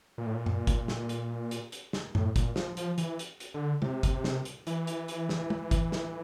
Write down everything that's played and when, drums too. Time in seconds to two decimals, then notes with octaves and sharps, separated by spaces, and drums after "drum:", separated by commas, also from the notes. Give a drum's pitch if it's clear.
0.18 A#2
0.26 A2
0.34 A#2
0.46 drum: tom F#2
0.67 drum: kick G1, hi-hat
0.88 drum: snare
1.09 drum: hi-hat
1.51 drum: hi-hat
1.72 drum: hi-hat
1.93 drum: snare
2.15 A2, drum: tom F#2
2.36 A#2, drum: kick G1, hi-hat
2.56 F3, drum: snare
2.77 F3, drum: hi-hat
2.98 E3, drum: hi-hat
3.19 drum: hi-hat
3.40 drum: hi-hat
3.54 D3
3.82 C3, drum: tom
4.03 drum: kick G1, hi-hat
4.24 drum: snare
4.45 drum: hi-hat
4.67 E3, drum: hi-hat
4.87 drum: hi-hat
5.08 drum: hi-hat
5.29 drum: snare
5.50 drum: tom
5.71 drum: kick G1, hi-hat
5.92 drum: snare